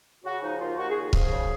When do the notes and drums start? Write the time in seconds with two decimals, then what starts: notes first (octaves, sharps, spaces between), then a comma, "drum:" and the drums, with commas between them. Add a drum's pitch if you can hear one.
0.24 C#3 F#4
0.42 F3 D#4
0.60 D#2 F4
0.77 D#2 F#4
0.89 G#4
0.95 C#3 F#4
1.13 F3 G#4, drum: kick C#1
1.32 C#3